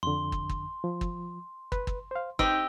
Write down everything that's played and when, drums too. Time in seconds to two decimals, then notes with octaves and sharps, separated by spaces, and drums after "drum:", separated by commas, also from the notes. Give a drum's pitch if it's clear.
0.03 F2 D3 C6
0.32 drum: kick
0.49 drum: kick
0.84 F3
1.01 drum: kick
1.72 B4, drum: kick
1.87 drum: kick
2.11 C5 F5
2.39 C4 D#4 G4 D#5 E6, drum: kick